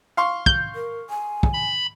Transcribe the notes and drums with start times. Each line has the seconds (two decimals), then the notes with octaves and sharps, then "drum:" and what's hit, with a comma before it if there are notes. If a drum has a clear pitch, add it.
0.17 F5 C6 C#6
0.46 G6, drum: kick
0.75 A#4
1.10 G#5
1.43 drum: kick
1.53 B5